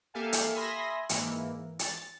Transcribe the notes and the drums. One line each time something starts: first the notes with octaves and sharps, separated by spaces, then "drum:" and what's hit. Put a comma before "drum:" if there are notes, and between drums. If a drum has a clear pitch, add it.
A#3 G4 A4 E5 F5 G#5
drum: hi-hat
E5 G#5 B5 C6 D#6 A#6
G#2 E3 A#3, drum: hi-hat
A6, drum: hi-hat